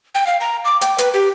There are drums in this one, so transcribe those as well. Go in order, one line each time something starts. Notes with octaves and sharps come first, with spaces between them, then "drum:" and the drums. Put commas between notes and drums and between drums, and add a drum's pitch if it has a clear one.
G5
F5
A#5
D6
G5, drum: hi-hat
B4, drum: hi-hat
G4